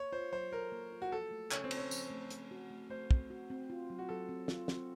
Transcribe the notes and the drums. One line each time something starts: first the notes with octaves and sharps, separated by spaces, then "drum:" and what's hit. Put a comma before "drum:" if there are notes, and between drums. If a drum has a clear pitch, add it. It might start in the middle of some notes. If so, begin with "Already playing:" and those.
Already playing: A#3 C#5
F4 C5
F#3 C5
A4 A#4
A#3
F4
F#4
F3 A4
A3
C#3 C#4, drum: clap
C4
C#3, drum: cymbal
C#4
F3, drum: tambourine
A3
C4, drum: hi-hat
F#4
A3
A3 C5
C4, drum: kick
F#4
C4
F4
F#3
F#4
F#3 A4
C4
F4, drum: snare
C4, drum: snare